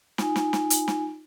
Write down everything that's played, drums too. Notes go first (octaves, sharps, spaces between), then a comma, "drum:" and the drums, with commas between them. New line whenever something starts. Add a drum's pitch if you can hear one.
D#4 F4 G#5, drum: snare
drum: snare
drum: snare
drum: hi-hat
drum: snare